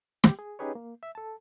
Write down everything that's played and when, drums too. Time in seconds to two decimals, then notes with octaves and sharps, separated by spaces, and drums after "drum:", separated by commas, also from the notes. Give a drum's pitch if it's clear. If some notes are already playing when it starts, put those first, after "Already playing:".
0.24 G4 G5, drum: snare
0.39 G#4
0.59 C#4 D#4 G4 G#4 B4 C#5
0.75 A#3
1.03 E5
1.15 A4 A5